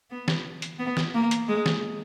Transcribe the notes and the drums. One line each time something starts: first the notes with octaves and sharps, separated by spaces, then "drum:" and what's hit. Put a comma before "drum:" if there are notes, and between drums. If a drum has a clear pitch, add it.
B3
drum: snare
drum: hi-hat
B3
drum: snare
A#3
drum: hi-hat
G#3
drum: snare